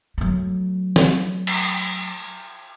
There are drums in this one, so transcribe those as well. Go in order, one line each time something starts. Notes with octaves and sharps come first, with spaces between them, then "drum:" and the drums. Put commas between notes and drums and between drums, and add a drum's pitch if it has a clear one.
F#3 A3
drum: snare
drum: cymbal